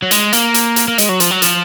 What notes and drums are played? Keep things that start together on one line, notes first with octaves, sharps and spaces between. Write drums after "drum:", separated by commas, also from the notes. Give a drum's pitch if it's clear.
F#3
G#3, drum: hi-hat
A#3, drum: hi-hat
drum: hi-hat
drum: hi-hat
A#3
G#3, drum: hi-hat
F#3
F3, drum: hi-hat
F#3
F3, drum: hi-hat